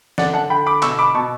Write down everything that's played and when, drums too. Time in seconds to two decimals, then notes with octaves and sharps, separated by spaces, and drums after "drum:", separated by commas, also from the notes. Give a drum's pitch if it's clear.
0.18 D3 D5 F#5, drum: snare
0.33 F#5 A5
0.50 D3 G5 B5
0.66 B5 D6
0.82 B2 C#6 E6, drum: clap
0.99 B5 D6
1.14 B2 A5 C#6